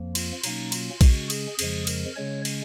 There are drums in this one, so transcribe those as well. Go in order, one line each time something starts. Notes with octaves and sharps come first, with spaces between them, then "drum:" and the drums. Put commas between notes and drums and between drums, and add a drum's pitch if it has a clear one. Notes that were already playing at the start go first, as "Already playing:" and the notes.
Already playing: F2 F3 A#3
F4, drum: cymbal
B2 F#3 A#3 C#4 D#4, drum: cymbal
F4, drum: cymbal
C#3 G#3 C#4 F#4, drum: kick A#1, cymbal
G#4, drum: cymbal
F2 C#3 F3 G#3 G#4, drum: cymbal
A#4, drum: cymbal
C#3 G#3 C#4 C#5
drum: cymbal